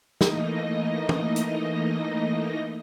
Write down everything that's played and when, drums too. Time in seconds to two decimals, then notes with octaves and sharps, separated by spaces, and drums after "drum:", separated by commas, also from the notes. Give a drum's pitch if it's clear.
0.21 E3 A3 A#3 D#4 D#5 A#6, drum: snare
1.09 drum: tom
1.36 drum: hi-hat